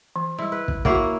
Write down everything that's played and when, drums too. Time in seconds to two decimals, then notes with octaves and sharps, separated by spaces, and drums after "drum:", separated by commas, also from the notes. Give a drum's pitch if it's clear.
0.16 E3
0.39 G3 E4 C6
0.52 B4
0.68 drum: kick
0.85 A#3 E4 F#4 C#5 F#5, drum: kick